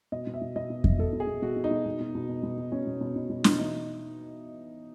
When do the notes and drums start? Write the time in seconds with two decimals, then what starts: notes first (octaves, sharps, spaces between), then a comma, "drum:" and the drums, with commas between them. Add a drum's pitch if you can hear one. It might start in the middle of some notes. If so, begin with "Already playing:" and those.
0.12 B2 D#5
0.27 B2
0.34 E5
0.41 B2
0.56 B2 D#5
0.70 B2
0.84 B2, drum: kick F2
0.99 B2 A4
1.13 B2
1.20 G#4
1.27 B2
1.42 B2 F#4
1.56 B2
1.64 D#4
1.71 B2
1.86 B2
2.00 B2
2.15 B2
2.29 B2
2.43 B2
2.58 B2
2.72 B2 C#4
2.87 B2
3.01 B2
3.16 B2
3.30 B2
3.44 B2, drum: snare
3.58 E3 D#4